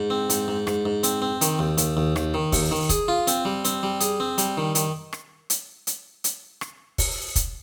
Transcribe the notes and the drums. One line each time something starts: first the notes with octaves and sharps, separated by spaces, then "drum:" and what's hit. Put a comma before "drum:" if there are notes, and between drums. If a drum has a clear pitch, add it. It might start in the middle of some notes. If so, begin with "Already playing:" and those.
Already playing: G#2
C4
G#2, drum: hi-hat
G#2
G#2, drum: rim click
G#2
C4, drum: hi-hat
C4
D#3, drum: hi-hat
D#2
D#2, drum: hi-hat
D#2
D#2, drum: rim click
D#3
D#2, drum: kick, open hi-hat
D#3
G#4, drum: kick, hi-hat
F4
C4, drum: hi-hat
G3
C4, drum: hi-hat
G3
G#4, drum: hi-hat
C4
G3, drum: hi-hat
D#3
D#3, drum: hi-hat
drum: rim click
drum: hi-hat
drum: hi-hat
drum: hi-hat
drum: rim click
drum: kick, open hi-hat
drum: kick, hi-hat